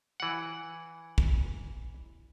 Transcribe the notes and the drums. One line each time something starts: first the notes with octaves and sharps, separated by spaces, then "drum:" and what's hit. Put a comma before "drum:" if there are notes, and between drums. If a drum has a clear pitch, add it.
E3 F#5
drum: kick